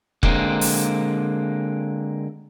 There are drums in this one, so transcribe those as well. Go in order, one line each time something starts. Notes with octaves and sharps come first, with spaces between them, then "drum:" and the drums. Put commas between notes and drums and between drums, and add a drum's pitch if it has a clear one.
D3 G#3 A#3 C4, drum: kick F1
drum: open hi-hat